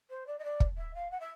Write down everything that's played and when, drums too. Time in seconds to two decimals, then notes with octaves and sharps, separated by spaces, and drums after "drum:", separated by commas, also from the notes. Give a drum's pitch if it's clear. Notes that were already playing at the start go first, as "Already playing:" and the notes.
0.10 C5
0.26 D5
0.38 D#5
0.44 D5
0.60 drum: kick
0.77 E5
0.94 F5
1.11 F#5
1.20 E5